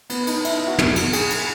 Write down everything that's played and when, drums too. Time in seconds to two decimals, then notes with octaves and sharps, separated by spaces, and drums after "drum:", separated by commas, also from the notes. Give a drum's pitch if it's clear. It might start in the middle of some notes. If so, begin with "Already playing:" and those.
0.10 B3, drum: cymbal
0.27 D#4, drum: cymbal
0.45 E4, drum: cymbal
0.67 F#4
0.79 drum: tom
0.96 drum: cymbal
1.13 G#4, drum: cymbal
1.30 drum: cymbal